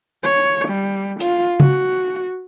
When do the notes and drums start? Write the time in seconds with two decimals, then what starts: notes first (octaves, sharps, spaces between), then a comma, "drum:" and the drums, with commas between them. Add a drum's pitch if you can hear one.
0.23 C#5
0.68 G3
1.20 F4, drum: hi-hat
1.60 F#4, drum: tom C#3